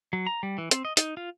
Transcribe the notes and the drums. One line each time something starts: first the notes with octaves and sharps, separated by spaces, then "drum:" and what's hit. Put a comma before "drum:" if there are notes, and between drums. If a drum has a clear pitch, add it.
F#3
A#5
G3
E3
C4, drum: hi-hat
D#5
D#4, drum: hi-hat
F4